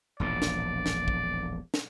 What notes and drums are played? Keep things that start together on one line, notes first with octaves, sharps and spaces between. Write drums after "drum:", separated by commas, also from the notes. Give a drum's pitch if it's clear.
E1 A#1 A2 D5
drum: snare
drum: snare
drum: kick
drum: snare